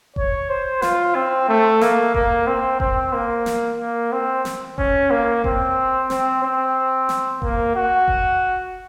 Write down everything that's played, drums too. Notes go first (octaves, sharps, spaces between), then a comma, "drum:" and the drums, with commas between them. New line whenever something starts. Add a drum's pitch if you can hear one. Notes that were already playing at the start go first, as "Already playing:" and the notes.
C#5, drum: kick F1
C5
F4, drum: snare
C4
A3
A#3, drum: snare
A#3, drum: kick F1
C4
C4, drum: kick F1
A#3
drum: snare
A#3
C4
drum: snare
C#4, drum: kick F1
A#3
C4, drum: kick F1
C4, drum: snare
C4
drum: snare
A#3, drum: kick F1
F#4
drum: kick F1